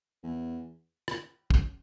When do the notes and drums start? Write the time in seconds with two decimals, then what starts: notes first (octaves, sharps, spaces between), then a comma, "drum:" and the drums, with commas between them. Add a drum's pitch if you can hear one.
0.23 E2
1.08 drum: rim click
1.50 F#2, drum: kick